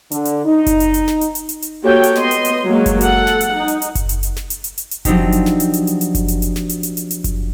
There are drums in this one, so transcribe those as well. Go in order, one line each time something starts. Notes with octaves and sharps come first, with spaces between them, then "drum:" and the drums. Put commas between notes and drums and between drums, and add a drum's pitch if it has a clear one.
D3, drum: hi-hat
drum: hi-hat
D#4
drum: kick F#1, hi-hat
drum: hi-hat
drum: hi-hat
drum: snare
drum: hi-hat
drum: hi-hat
drum: hi-hat
drum: hi-hat
A#3 F#4 G4 A4 C#5 G5
drum: hi-hat
B3 D#5 C6, drum: snare
drum: hi-hat
drum: hi-hat
F#3 G#3 A#3
drum: kick F#1, hi-hat
A4 F#5, drum: hi-hat
drum: snare
drum: hi-hat
D#4
drum: hi-hat
drum: hi-hat
drum: kick F#1, hi-hat
drum: hi-hat
drum: hi-hat
drum: snare
drum: hi-hat
drum: hi-hat
drum: hi-hat
drum: hi-hat
F3 F#3 C4 D4 D#4 G4, drum: kick F#1, hi-hat
drum: hi-hat
drum: snare
drum: hi-hat
drum: hi-hat
drum: hi-hat
drum: hi-hat
drum: kick F#1, hi-hat
drum: hi-hat
drum: hi-hat
drum: snare
drum: hi-hat
drum: hi-hat
drum: hi-hat
drum: hi-hat
drum: kick F#1, hi-hat